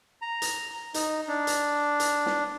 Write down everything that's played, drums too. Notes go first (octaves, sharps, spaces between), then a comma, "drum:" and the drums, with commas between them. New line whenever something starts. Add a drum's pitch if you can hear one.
A#5
drum: hi-hat
D#4, drum: hi-hat
D4
drum: hi-hat
drum: hi-hat
drum: snare